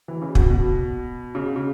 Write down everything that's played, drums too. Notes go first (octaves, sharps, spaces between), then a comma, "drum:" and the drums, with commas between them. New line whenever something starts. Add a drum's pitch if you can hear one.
E3
C#3
B2, drum: kick
B2
C#3
C#3